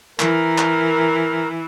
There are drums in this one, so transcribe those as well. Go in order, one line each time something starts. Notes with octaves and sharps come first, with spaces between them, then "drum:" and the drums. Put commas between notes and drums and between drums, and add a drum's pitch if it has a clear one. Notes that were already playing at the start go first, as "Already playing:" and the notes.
E3 A#4, drum: clap
drum: clap